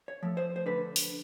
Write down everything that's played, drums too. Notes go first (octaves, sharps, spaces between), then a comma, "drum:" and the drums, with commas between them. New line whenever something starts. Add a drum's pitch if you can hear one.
C#5
F3 A3
C5
C5
D3 B4
drum: open hi-hat